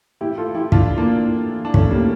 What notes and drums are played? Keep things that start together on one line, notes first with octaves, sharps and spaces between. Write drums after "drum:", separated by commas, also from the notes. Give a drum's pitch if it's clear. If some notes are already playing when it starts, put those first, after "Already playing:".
A2 E4 G4
F4 A4
E3
E4 G4
A2 D4 F4, drum: kick
E3 A#3 D4
A2
E3
D4
A2 A3 C#4, drum: kick
G3 A#3
E3